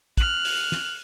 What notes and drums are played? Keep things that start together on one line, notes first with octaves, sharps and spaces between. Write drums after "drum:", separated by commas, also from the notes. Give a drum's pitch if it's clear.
F6 F#6, drum: kick, hi-hat
drum: open hi-hat
drum: snare